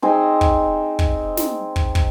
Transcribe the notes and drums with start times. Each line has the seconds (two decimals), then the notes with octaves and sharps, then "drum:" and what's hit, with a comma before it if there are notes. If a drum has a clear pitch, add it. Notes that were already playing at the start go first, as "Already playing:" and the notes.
0.02 C4 D#4 G#4
0.41 drum: kick
0.99 drum: kick
1.37 drum: snare
1.76 drum: kick
1.95 drum: kick